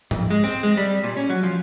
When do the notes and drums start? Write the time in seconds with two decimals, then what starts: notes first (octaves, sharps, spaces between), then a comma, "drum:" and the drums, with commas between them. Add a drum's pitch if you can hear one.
0.11 F2, drum: tom G#2
0.30 G#3
0.44 C4
0.63 G#3
0.77 G3
1.04 A#2
1.17 C#4
1.30 F#3
1.43 F3